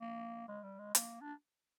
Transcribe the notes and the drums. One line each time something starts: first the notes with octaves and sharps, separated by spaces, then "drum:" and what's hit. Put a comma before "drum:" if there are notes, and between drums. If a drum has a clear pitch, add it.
A#3
G#3
G3
G#3
A#3, drum: hi-hat
D4